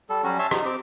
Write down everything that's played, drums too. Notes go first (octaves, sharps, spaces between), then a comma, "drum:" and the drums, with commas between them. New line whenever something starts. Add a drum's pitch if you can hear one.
G3 A4
F#3 G3 C#4 F#4
C#5 E5 A5 C6
D#4, drum: rim click
C4 G4